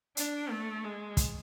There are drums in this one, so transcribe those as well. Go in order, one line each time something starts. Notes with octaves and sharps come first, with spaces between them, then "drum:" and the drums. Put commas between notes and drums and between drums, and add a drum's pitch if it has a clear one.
D4, drum: hi-hat
A3
G#3
drum: kick, hi-hat